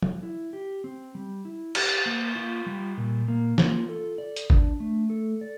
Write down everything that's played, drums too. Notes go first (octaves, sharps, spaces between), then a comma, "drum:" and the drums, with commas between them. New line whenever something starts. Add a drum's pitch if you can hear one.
drum: tom
E4
G4
C4
G3
E4
G4, drum: cymbal
A#3
F4
G3
A#2
A#3
F4, drum: snare
A4
D5
drum: hi-hat
D4, drum: kick G#1
A3
A4
D5